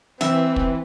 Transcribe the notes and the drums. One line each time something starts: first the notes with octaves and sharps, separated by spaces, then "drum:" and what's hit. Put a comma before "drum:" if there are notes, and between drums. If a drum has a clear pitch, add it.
E3 C4 E5, drum: snare
drum: kick